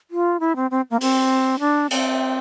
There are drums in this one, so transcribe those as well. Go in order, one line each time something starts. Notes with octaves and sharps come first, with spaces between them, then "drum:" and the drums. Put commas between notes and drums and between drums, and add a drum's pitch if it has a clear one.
F4
E4
C4
C4
A#3
C4, drum: open hi-hat
D4
C4, drum: cymbal